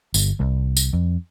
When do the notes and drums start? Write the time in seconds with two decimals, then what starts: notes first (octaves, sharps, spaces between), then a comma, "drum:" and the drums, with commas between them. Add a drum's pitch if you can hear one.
0.14 G1, drum: tambourine
0.40 C2
0.77 drum: tambourine
0.93 F2